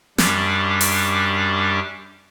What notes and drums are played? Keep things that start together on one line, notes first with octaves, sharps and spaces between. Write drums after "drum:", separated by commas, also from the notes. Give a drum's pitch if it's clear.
F#2 G3 D4 G4 D6, drum: snare
drum: open hi-hat